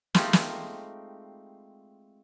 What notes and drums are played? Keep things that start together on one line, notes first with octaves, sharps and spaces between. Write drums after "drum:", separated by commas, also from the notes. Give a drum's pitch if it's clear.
G#3 A3 C4 D#4 F4 G4, drum: snare
drum: snare